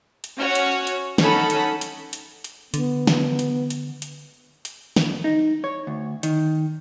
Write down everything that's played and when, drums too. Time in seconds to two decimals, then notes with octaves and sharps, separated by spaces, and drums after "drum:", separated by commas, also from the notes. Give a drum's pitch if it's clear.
0.24 drum: hi-hat
0.39 C#4 F#4 C#5
0.55 drum: hi-hat
0.87 drum: hi-hat
1.18 C#4 D#4 A4 F#5 B5, drum: snare
1.50 drum: hi-hat
1.81 drum: hi-hat
2.13 drum: hi-hat
2.44 drum: hi-hat
2.74 D3 B3, drum: hi-hat
3.07 drum: snare
3.39 drum: hi-hat
3.70 drum: hi-hat
4.02 drum: hi-hat
4.65 drum: hi-hat
4.97 drum: snare
5.24 D#4
5.64 C#5
5.87 D2
6.23 D#3, drum: hi-hat